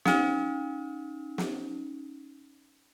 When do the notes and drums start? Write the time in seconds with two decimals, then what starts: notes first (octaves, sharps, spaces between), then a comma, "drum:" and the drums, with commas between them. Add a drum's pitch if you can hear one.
0.05 C#4 D#4, drum: snare
1.38 drum: snare